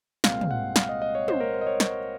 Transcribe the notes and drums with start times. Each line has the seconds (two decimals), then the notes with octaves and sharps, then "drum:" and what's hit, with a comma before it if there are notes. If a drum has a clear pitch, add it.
0.24 C2 A#2 G#3 C4 F5, drum: snare
0.41 drum: tom
0.51 F#5
0.76 F5, drum: snare
0.89 D#5
1.02 D#5
1.15 C#5
1.28 C5, drum: tom
1.40 A#4
1.54 C5
1.61 D#5
1.67 C#5
1.80 C#5, drum: snare